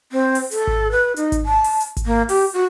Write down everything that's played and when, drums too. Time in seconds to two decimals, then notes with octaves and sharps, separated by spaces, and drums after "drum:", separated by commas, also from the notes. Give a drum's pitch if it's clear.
0.12 C4
0.35 drum: open hi-hat
0.51 A4, drum: hi-hat
0.67 drum: kick G#1
0.92 B4
1.16 D#4, drum: hi-hat
1.32 drum: kick G#1, hi-hat
1.46 A5
1.64 drum: open hi-hat
1.80 drum: hi-hat
1.97 drum: kick G#1, hi-hat
2.06 A#3
2.29 G4, drum: open hi-hat
2.53 F#4